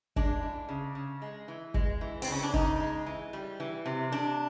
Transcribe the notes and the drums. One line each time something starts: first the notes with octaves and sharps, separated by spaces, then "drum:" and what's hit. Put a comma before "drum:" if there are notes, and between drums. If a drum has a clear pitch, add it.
G#3 D4, drum: kick G#1
E3
C#3
C#3
G#3
E3
G#3, drum: kick G#1
E3
C4, drum: open hi-hat
C#3 C#4
D4
C#3 D#4, drum: kick G#1
G#3
E3
G3
E3
C3
C3 D4